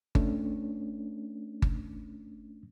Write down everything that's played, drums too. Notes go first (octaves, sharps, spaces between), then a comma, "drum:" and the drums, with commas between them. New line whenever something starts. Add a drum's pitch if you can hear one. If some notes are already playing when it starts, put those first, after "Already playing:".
A3 C#4 D4, drum: kick G1
drum: kick G1